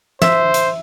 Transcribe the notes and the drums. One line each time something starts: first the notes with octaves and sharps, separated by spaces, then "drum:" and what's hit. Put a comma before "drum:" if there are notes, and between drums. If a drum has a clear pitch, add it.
C5 E5, drum: snare
drum: hi-hat